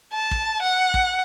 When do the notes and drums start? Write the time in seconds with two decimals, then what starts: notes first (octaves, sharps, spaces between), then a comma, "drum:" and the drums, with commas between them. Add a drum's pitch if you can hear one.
0.13 A5
0.31 drum: kick
0.63 F#5
0.94 drum: kick